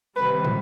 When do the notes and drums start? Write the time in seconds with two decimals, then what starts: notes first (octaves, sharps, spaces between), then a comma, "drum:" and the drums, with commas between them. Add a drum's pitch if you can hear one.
0.15 C3 D#3 G3 B4
0.45 drum: tom